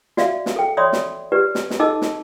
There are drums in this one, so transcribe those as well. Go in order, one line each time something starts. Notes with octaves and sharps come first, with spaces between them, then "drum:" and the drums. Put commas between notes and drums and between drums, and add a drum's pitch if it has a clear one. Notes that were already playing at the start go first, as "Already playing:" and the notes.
F#4 D5 E5 F5, drum: snare
drum: snare
A4 G5
C#5 D5 E5 B5 C6 D#6
drum: snare
G4 B4 D5
drum: snare
drum: snare
D#4 A4 D#5 A5 D6 E6
drum: snare